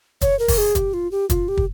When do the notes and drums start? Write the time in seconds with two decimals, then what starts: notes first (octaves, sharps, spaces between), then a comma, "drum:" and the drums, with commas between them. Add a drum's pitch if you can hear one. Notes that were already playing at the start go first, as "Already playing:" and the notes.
0.21 C#5, drum: kick, hi-hat
0.39 A#4
0.48 drum: kick, open hi-hat
0.58 G#4
0.75 G4, drum: kick, hi-hat
0.93 F4
1.11 G4
1.30 F4, drum: kick, hi-hat
1.48 G4
1.57 drum: kick